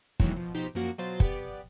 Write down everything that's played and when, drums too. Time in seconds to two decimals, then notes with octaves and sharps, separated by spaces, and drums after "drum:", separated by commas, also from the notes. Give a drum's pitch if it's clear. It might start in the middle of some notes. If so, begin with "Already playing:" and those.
0.20 E2 A2 D#3 E3 F#3, drum: kick
0.36 B2 F3
0.54 B2 F3 D#4 G4 C5 B6
0.75 F#2 F3 A#3 F#4
0.98 B2 F#3 F4 C5 A6
1.20 B3 G4 D5, drum: kick